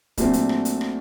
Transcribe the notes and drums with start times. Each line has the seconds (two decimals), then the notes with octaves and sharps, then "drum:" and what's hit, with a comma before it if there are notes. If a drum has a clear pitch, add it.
0.18 A#1 A#2 F#3 A3 C4, drum: kick, hi-hat
0.33 drum: hi-hat
0.49 drum: rim click
0.65 drum: hi-hat
0.81 drum: rim click